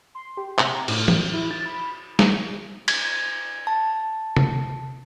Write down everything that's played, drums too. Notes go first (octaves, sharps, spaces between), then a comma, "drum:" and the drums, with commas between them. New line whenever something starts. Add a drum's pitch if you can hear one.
C6
G4
C3, drum: clap
A#5
A2, drum: cymbal
drum: tom E3
E4
A6
B5
drum: snare
G#6, drum: cymbal
A5
drum: tom C3